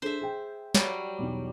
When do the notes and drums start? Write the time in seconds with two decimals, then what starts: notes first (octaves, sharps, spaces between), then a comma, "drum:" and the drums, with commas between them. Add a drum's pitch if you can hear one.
0.02 D4 G#4 A4 C5 E5
0.21 G#4 G5
0.75 F#3 G3, drum: snare
1.19 B1 E2